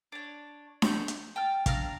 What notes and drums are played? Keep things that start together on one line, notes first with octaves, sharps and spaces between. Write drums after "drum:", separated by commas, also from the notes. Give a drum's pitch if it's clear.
D4 C#5
C#5 C#6 G6, drum: snare D4
drum: hi-hat
G5 A5 F6
D4 F5 A#5 F6, drum: kick, hi-hat